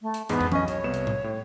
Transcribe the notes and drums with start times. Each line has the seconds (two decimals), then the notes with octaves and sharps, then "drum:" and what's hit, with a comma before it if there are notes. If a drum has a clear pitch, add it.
0.01 A3
0.14 drum: hi-hat
0.29 E2 G#2 G#3 B3, drum: hi-hat
0.41 drum: tom
0.52 B1 C#4 D#5, drum: tom
0.68 C#5, drum: hi-hat
0.84 C2 B3 E7
0.94 drum: hi-hat
1.07 drum: tom A2
1.24 A2